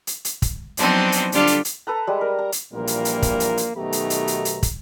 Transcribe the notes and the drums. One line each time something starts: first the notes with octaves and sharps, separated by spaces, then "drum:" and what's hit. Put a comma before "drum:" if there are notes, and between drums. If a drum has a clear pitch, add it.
drum: hi-hat
drum: hi-hat
drum: kick, hi-hat
F3 F#3 B3 C4 D4 D#4, drum: hi-hat
drum: hi-hat
D3 G3 D4 F4 G4 A4, drum: hi-hat
drum: hi-hat
drum: hi-hat
A4 B4 A#5
G3 G#3
A#4
A#5
drum: hi-hat
A#1 A#2 E3 G3 A#3 A#4
drum: hi-hat
drum: hi-hat
drum: kick, hi-hat
drum: hi-hat
drum: hi-hat
B1 B2 D#3 A3 G4 A#5
drum: hi-hat
drum: hi-hat
drum: hi-hat
drum: hi-hat
drum: kick, hi-hat